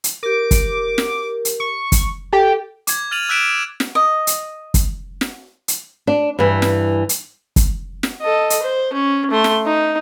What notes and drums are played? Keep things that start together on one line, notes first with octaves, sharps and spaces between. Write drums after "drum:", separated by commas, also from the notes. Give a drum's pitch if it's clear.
drum: hi-hat
G4 A#4 D6
drum: kick F#1, hi-hat
drum: snare
drum: hi-hat
C#6
drum: kick F#1, hi-hat
G4 A4
D6 G#6, drum: hi-hat
F6 A6 D#7 F7 F#7
E6 F#6 B6 D7 E7 F7
drum: snare
D#5
drum: hi-hat
drum: kick F#1, hi-hat
drum: snare
drum: hi-hat
D4
G2 E3
drum: snare
drum: hi-hat
drum: kick F#1, hi-hat
drum: snare
A4 D#5
drum: hi-hat
C5
C#4
A3 C6
drum: snare
D#4